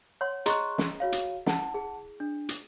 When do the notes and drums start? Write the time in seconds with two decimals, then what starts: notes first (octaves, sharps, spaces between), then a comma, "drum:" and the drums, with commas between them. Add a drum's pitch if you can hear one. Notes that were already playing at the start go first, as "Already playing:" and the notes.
0.21 C#5 F#5 C6
0.46 G#4 D#5 A#5 C6 C#6 F#6, drum: hi-hat
0.78 drum: snare
1.00 F#4 C#5 F5
1.12 drum: hi-hat
1.46 E4 F#5 A5, drum: snare
1.74 G#4
2.20 D4
2.49 drum: hi-hat